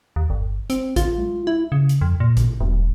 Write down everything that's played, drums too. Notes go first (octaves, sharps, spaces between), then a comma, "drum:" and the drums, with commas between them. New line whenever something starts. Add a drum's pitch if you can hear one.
D#2
G1
C4, drum: hi-hat
F4, drum: kick A1, hi-hat
drum: tom G#3
E4
C#3
drum: hi-hat
F2
A#2
drum: kick A1, hi-hat
E1, drum: tom G#2